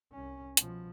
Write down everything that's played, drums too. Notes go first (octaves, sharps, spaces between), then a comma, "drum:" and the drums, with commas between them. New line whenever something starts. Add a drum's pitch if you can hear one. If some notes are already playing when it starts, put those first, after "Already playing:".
C2 C#4
B2 F3, drum: hi-hat